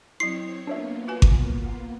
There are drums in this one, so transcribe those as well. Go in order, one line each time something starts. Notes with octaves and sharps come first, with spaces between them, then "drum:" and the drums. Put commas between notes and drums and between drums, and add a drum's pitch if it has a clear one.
F#3 C4 E4 C#5 C7
A#3 B3 D4 F4 C#5 E5
F#4 B4 G#5
drum: kick G#1